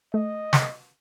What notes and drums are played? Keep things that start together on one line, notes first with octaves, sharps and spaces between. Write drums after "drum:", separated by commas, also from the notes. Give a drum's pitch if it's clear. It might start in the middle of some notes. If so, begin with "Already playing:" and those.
A3 D#5
drum: snare